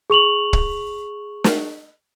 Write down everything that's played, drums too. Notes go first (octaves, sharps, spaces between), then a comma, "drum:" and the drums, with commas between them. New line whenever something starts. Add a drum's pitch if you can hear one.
G#4 C#6 F7 F#7
drum: kick
drum: snare